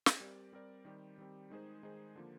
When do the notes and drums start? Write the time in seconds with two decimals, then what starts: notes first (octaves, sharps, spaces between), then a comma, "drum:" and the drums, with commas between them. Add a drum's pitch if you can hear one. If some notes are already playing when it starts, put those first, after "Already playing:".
0.06 drum: snare
0.20 G3 C4 G4 A#4 D5
0.53 G3 C4 G4 A#4 D5
0.85 D#3 G3 C4 G4
1.18 D#3 G3 C4 G4
1.50 D#3 G#3 D#4 G#4 C5
1.83 D#3 G#3 D#4 G#4 C5
2.15 D3 F3 A#3